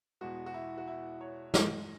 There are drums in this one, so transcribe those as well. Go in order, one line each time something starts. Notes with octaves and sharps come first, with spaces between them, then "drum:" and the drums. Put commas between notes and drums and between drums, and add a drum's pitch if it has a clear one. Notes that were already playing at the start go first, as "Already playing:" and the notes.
E2 B2 G#3 F#4
F#4
E4
F#4
E4
C#5
A2 E3 G#3 D#5, drum: snare